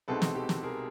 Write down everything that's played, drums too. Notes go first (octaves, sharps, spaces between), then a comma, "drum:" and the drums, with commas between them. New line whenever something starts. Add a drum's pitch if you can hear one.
C2 B2 G#3 C4 D#4 A4 B4
drum: snare
G4 A4
drum: snare
G#4 A#4